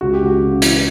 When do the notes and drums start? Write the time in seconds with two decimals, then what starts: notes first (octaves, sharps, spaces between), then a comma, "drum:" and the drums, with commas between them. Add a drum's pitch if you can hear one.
0.01 C#2 F#4
0.14 G4
0.22 C#2 F#4
0.42 C#3
0.62 E3, drum: hi-hat